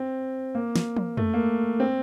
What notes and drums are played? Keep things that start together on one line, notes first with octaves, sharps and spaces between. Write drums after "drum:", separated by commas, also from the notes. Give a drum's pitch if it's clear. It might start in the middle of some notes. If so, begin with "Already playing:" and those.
Already playing: C4
A#3
drum: snare
drum: tom
A3, drum: tom F2
A#3
C4